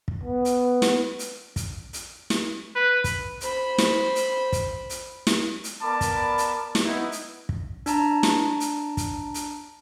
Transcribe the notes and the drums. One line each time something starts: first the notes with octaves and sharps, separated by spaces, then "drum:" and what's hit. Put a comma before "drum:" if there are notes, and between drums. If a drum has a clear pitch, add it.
drum: kick
B3
drum: hi-hat
drum: snare
drum: hi-hat
drum: kick, hi-hat
drum: hi-hat
drum: snare
B4
drum: kick, hi-hat
C5 B5, drum: hi-hat
drum: snare
drum: hi-hat
drum: kick, hi-hat
drum: hi-hat
drum: snare
drum: hi-hat
B3 A#4 D5 A5 B5 D6
drum: kick, hi-hat
drum: hi-hat
drum: snare
B3 D#4 E4
drum: hi-hat
drum: kick
D4 A5 A#5, drum: hi-hat
drum: snare
drum: hi-hat
drum: kick, hi-hat
drum: hi-hat